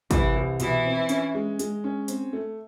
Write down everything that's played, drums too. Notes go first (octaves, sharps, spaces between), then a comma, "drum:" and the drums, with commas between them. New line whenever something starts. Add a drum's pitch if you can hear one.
C2 E3 E4, drum: kick, hi-hat
C2
B2 E3 E4, drum: hi-hat
C4
C#4, drum: hi-hat
G#3
G#3, drum: hi-hat
C#4
C4, drum: hi-hat
A3